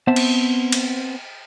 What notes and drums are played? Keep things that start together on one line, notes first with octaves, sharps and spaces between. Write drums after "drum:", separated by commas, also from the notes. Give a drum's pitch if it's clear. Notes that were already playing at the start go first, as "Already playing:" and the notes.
B3 C4 C5 E5 A5
drum: cymbal
drum: cymbal